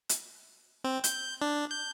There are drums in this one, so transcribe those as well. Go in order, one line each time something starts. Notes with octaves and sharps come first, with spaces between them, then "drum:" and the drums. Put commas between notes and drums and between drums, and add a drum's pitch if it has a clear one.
drum: hi-hat
C4
G6, drum: hi-hat
D4
G6